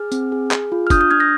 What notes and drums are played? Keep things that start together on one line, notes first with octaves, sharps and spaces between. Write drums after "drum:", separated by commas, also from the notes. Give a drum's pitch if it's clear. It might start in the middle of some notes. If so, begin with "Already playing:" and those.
Already playing: G#4 F6
C4, drum: tambourine
G#4
G#4, drum: clap
F4
F6
D4 D#6 G6, drum: kick F#1, tambourine
D#6 G6
D4 F6 G#6
G6 A#6